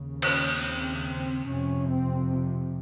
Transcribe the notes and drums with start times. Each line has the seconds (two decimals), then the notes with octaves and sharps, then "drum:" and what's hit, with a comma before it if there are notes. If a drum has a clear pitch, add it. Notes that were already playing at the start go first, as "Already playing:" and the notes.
Already playing: D#2 C#3
0.22 C#4, drum: cymbal
0.64 C4
1.06 C4
1.48 F2 C3 C#4
1.90 C4